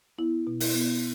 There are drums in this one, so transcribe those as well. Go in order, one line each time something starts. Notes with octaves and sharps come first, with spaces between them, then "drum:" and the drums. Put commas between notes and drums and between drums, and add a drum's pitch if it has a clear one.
B3 E4
B2
E4, drum: open hi-hat
B3